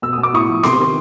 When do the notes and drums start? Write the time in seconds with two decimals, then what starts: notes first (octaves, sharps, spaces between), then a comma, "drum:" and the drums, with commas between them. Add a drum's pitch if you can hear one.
0.02 B2 E6
0.13 D#6
0.18 B2
0.23 D6
0.34 A2 C#6 D#6
0.49 F3
0.63 C3 C6 D6, drum: snare B3
0.79 D#3